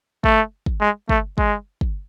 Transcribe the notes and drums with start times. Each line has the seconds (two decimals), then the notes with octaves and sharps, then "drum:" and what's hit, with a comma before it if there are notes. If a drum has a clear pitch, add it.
0.24 A3, drum: kick
0.66 drum: kick
0.81 G#3
1.09 A3, drum: kick
1.38 G#3, drum: kick
1.81 drum: kick